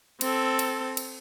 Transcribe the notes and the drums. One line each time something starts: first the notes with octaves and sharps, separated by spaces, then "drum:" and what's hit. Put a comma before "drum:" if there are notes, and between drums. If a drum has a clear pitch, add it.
C4 A4, drum: cymbal
drum: cymbal
drum: cymbal